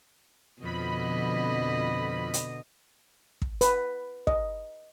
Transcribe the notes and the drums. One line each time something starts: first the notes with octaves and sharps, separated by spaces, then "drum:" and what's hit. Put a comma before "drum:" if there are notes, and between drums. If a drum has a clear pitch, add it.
F2 B2 D3 D#5 B5
drum: hi-hat
drum: kick
B4, drum: hi-hat
D#5, drum: kick